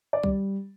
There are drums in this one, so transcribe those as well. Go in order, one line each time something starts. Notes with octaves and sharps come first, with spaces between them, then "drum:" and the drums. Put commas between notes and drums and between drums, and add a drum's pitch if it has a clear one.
D5
G3, drum: kick B1